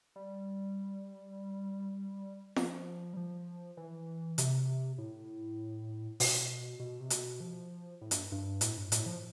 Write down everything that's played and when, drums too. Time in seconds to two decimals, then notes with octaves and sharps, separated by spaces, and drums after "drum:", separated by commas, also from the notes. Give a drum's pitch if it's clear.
0.16 G3
2.56 F3, drum: snare F4
3.13 G3
3.17 F3
3.77 E3
4.38 C3, drum: hi-hat
4.98 A2
6.20 B2, drum: open hi-hat
6.80 B2
7.00 C3
7.10 B2, drum: hi-hat
7.40 F3
8.01 A2
8.11 G2, drum: hi-hat
8.32 G2
8.61 A2, drum: hi-hat
8.77 G2
8.92 A2, drum: hi-hat
9.06 F3